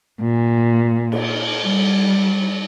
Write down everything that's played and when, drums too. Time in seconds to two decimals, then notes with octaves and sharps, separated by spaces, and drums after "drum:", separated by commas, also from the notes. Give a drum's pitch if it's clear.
0.21 A#2
1.12 drum: cymbal
1.64 G3